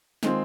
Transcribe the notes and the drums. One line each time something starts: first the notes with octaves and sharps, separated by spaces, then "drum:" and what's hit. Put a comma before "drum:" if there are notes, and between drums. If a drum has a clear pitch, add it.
D#3 G#3 C4 F4, drum: snare